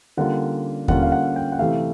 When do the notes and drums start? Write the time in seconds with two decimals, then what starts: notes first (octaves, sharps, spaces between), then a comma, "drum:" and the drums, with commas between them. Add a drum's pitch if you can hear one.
0.17 D3 G3 A#3 C#4 F4 F#5
0.88 D3 G3 A#3 C#4 F4 F#5, drum: kick D#2
1.03 F5
1.12 F#5
1.36 G5
1.52 F#5
1.59 C3 E3 A3 F5